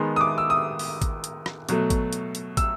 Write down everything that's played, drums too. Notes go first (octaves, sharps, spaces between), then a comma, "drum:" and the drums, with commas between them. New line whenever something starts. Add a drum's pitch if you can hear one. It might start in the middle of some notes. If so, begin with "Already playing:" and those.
Already playing: D#3 G#3 B3 C6
D#6
D6
E6
D#6
drum: open hi-hat
drum: kick, hi-hat
drum: hi-hat
drum: rim click
B2 F#3 A3, drum: hi-hat
drum: kick, hi-hat
drum: hi-hat
drum: hi-hat
E6, drum: kick, hi-hat